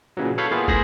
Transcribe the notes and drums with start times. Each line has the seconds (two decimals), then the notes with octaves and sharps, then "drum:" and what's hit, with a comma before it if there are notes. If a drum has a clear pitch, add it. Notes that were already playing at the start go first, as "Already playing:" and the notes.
0.17 A#2 C#3 E3 F#3
0.38 A4 C#5 F5 B5 G6
0.51 A#3 B3 E4 F4 G#4 F5
0.68 A2 G#4 C5 B5 A#6, drum: kick